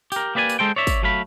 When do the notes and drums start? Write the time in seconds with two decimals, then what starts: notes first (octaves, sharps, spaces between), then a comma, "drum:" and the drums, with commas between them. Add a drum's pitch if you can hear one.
0.12 G4 A#4, drum: tambourine
0.35 A#3 G4 B4 D5 E5 G#5
0.49 drum: tambourine
0.59 G#3 A4 C5 G5
0.76 C#5 D5 E5
0.87 drum: kick, tambourine
1.03 F#3 A3 F5 B5